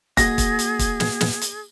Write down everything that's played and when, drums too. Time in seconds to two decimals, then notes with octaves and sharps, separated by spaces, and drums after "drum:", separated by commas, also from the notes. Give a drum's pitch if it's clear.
0.17 A#3 F#4 G#4 F#5 A#6, drum: kick, hi-hat
0.38 drum: kick, hi-hat
0.59 drum: hi-hat
0.79 drum: kick, hi-hat
1.00 drum: snare
1.21 drum: snare
1.41 drum: hi-hat